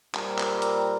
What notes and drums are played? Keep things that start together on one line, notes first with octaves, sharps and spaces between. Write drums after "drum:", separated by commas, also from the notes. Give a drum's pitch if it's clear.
A#2 G3 C4 A#4, drum: clap
drum: clap
drum: hi-hat